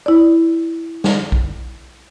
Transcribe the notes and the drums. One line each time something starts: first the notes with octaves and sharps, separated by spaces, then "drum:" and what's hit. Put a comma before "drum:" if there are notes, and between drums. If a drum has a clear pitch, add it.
E4 D5
drum: snare
drum: kick B1